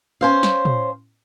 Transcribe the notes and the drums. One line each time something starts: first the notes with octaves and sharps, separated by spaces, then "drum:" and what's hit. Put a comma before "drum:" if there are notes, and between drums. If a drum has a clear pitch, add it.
C#4 C5 F5
drum: snare
drum: tom